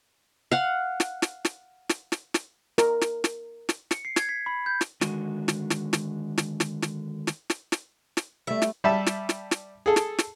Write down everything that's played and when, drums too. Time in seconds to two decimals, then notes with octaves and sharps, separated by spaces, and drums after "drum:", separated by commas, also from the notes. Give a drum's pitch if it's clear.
0.52 F5 F#5
1.00 drum: snare
1.22 drum: snare
1.45 drum: snare
1.89 drum: snare
2.12 drum: snare
2.34 drum: snare
2.78 A#4, drum: snare
3.01 drum: snare
3.24 drum: snare
3.69 drum: snare
3.91 C#7, drum: snare
4.05 C7
4.16 G#6, drum: snare
4.29 B6
4.46 B5
4.66 G6
4.81 drum: snare
5.01 D3 D#3 G#3 F#4, drum: snare
5.48 drum: snare
5.70 drum: snare
5.93 drum: snare
6.38 drum: snare
6.60 drum: snare
6.82 drum: snare
7.27 drum: snare
7.50 drum: snare
7.72 drum: snare
8.17 drum: snare
8.47 G3 A3 E5
8.62 drum: snare
8.84 G3 E5 A5
9.06 drum: snare
9.29 drum: snare
9.51 drum: snare
9.86 G#4 A4
9.96 drum: snare
10.19 drum: snare